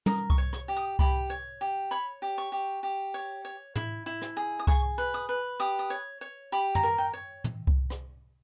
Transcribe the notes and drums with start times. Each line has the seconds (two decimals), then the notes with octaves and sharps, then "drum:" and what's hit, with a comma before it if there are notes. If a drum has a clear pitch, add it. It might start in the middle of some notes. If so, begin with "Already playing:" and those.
0.06 A#4 D#6, drum: tom
0.30 C#6, drum: kick C2
0.38 C#5
0.53 C#6, drum: rim click
0.68 G4
0.77 D#6
0.99 G4 B5, drum: kick C2
1.30 C#5
1.61 G4
1.91 C#5 B5
2.22 G4
2.38 C#6
2.52 G4
2.83 G4
3.14 C#5
3.45 C#5
3.76 E4, drum: tom
4.06 E4
4.22 drum: rim click
4.37 G#4
4.59 D#6
4.67 G#4 C#6, drum: kick C2
4.98 B4
5.14 D#6
5.29 B4
5.60 G4 D#6
5.79 D#6
5.90 C#5
6.21 C#5
6.52 G4 B5
6.75 A#5, drum: tom F#2
6.83 A#4
6.98 G5
7.14 C#5
7.44 drum: tom
7.67 drum: kick C2
7.90 drum: rim click